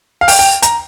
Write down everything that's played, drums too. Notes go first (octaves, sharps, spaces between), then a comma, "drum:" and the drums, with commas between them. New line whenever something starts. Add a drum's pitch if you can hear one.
F5
G5, drum: open hi-hat
G5
A#5, drum: hi-hat